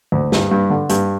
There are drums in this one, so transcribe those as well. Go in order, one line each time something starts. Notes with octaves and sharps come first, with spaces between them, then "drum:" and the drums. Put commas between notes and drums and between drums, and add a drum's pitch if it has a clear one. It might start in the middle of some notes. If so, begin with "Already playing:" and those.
D2
G2, drum: snare
G2
D3
G2, drum: hi-hat